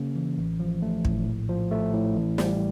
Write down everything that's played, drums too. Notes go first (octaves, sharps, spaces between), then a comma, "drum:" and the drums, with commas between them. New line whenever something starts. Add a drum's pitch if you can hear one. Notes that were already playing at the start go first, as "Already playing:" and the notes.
Already playing: C#3 A#3 C#4
E3
A1
F3
A3
A2, drum: kick
A#1
F3
A3
A2
A1
G3, drum: snare